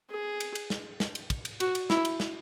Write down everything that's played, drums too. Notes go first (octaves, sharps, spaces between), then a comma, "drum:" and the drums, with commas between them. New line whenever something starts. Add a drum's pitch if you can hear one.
G#4
drum: cymbal
drum: cymbal
drum: snare
drum: snare
drum: cymbal
drum: kick, cymbal
drum: cymbal
F#4, drum: cymbal
drum: cymbal
E4, drum: snare
drum: cymbal
drum: snare